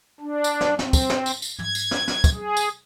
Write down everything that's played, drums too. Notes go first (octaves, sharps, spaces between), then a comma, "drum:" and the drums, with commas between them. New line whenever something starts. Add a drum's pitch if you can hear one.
D4
drum: tambourine
drum: snare
C4, drum: snare
drum: kick, tambourine
drum: snare
drum: tambourine
drum: tambourine
G#6, drum: tom
drum: tambourine
drum: snare
drum: snare
drum: kick, tambourine
G#4
drum: tambourine